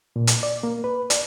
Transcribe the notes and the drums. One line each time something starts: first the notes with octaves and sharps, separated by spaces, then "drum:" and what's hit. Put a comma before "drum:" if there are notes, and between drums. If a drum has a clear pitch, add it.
A#2
drum: hi-hat
D5
A#3
B4
D5, drum: hi-hat